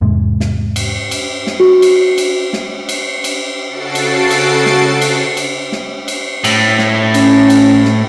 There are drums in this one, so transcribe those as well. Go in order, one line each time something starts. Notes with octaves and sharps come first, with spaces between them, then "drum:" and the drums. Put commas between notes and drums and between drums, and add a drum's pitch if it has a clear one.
E2 G#2 C3 G#3
drum: snare
drum: cymbal
drum: cymbal
drum: snare
F#4
drum: cymbal
drum: cymbal
drum: snare
drum: cymbal
drum: cymbal
C#3 F#4 A4 A6 C7 D7
drum: cymbal
drum: cymbal
drum: snare
drum: cymbal
drum: cymbal
drum: snare
drum: cymbal
A2, drum: cymbal
drum: snare
C#4, drum: cymbal
drum: cymbal
drum: snare